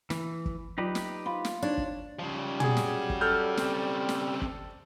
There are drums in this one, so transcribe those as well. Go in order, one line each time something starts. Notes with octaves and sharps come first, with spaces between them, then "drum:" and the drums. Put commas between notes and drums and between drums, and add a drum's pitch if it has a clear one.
E3, drum: snare
drum: kick
F#3 D#4 F4 G4 B4
drum: snare
F4 A#5 B5
drum: snare
D4 D#4 C#5
drum: kick
C#3 F3 G3
C#4 F#4 G#4 G#5, drum: tom
drum: snare
drum: kick
A4 F6 G6
C#3 C4, drum: snare
drum: snare
drum: kick